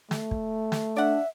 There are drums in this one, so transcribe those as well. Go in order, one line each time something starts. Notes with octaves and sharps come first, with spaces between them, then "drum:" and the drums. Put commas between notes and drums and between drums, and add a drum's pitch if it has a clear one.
A3, drum: snare
drum: kick
drum: snare
D4 D5 E5 F#5